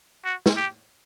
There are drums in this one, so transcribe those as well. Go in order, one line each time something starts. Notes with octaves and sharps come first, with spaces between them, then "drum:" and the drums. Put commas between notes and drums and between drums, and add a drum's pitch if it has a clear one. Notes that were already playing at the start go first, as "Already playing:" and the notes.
F#4
drum: snare
G4